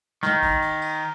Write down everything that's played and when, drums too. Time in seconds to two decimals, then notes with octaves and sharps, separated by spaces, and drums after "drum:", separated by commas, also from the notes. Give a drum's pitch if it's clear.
0.23 D#3, drum: snare
0.42 drum: kick A#1, cymbal
0.62 drum: cymbal
0.82 drum: cymbal